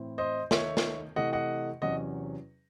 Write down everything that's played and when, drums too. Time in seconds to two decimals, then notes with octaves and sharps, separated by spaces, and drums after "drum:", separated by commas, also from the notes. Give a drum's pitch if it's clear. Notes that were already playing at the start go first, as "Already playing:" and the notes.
Already playing: A2 E3 C4 E4
0.18 C5 D#5
0.51 D#3 A3 D#4 C#5 E5, drum: snare
0.77 drum: snare
1.16 C3 E3 A3 D#5 F#5
1.33 D#5 F#5
1.81 E2 C3 F#3 C#4 D#5 F#5